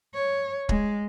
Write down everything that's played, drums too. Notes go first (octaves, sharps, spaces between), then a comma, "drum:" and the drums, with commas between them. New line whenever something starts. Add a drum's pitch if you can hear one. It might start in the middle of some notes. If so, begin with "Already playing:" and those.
C#5
G#3, drum: kick